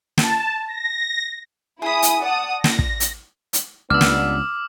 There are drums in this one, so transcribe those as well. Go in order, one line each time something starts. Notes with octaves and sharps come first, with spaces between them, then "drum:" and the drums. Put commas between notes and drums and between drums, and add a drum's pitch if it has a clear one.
A5, drum: snare
A#6
E4 G#4 B5 D#6
drum: hi-hat
D5 F#5 A5 D#6
A#6, drum: snare
drum: kick
drum: hi-hat
drum: hi-hat
C#2 G2 B3 D4 D6 E6 F6
drum: snare